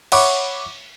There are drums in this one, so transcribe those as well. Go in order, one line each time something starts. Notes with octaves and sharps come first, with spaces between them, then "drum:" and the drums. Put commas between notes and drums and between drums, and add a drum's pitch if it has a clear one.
C#5 E5 F#5 B5 C#6 D6, drum: cymbal